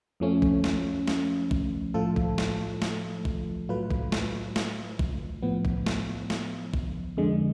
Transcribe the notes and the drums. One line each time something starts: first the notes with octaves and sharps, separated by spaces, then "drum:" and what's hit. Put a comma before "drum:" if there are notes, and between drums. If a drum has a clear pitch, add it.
F2 F3 A3 C#4
drum: kick
drum: snare
drum: snare
drum: kick
A2 F3 A3 F4 A4
drum: kick
drum: snare
drum: snare
drum: kick
A2 F#3 A3 F4 B4
drum: kick
drum: snare
drum: snare
drum: kick
A2 F3 B3
drum: kick
drum: snare
drum: snare
drum: kick
F2 D3 G#3